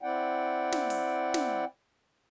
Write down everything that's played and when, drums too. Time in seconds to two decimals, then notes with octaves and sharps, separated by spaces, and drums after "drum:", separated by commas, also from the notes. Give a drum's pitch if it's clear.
0.02 C4 E4 D5 F#5 G5
0.72 drum: snare
0.90 drum: open hi-hat
1.34 drum: snare